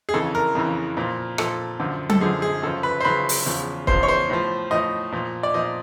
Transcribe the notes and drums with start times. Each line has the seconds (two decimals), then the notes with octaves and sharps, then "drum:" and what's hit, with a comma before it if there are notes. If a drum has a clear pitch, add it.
0.09 G#4
0.14 F2 C#3 E3 A4
0.35 A#4
0.55 F2 C#3 E3
0.97 A#2 F3
1.38 A#2 F3 A4, drum: rim click
1.79 F#2 D3 F3
2.10 A4, drum: tom F#3
2.21 F#2 D3 F3 G#4
2.42 G#4
2.62 F#2 C#3 F3 A4
2.83 B4
3.01 C5
3.05 F#2 C#3 F3 B4
3.29 drum: open hi-hat
3.46 E2 C#3 F3
3.87 E2 C#3 F3 C5, drum: kick
4.03 C#5
4.08 C5
4.30 A2 F3
4.71 A2 F3 D#5
5.12 A#2 F3
5.43 D5
5.54 A#2 F3 D#5